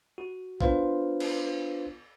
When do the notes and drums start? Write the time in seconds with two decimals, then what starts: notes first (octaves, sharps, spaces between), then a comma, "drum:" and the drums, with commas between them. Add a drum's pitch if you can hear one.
0.18 F#4
0.61 B3 D4 F4 B4 C5 F5, drum: kick A#1
1.20 drum: cymbal